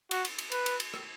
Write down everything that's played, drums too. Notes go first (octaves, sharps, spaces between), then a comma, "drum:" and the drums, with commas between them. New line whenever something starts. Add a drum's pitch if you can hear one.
F#4, drum: cymbal
drum: cymbal
drum: cymbal
B4, drum: cymbal
drum: cymbal
drum: cymbal
drum: rim click